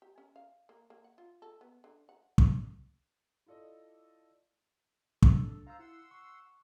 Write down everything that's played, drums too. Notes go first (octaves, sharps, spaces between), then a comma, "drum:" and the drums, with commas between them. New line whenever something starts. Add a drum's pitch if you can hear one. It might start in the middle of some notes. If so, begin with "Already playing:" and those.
G4
C#4
F5
A#3
A#3
F#5
F4
A4
B3
D3
F#5
drum: kick
E4 F4 A4 D5 D#5
D4 A4, drum: kick
F4 C5 F5 A#5 E6
E4 F#5 C6 E6
C#6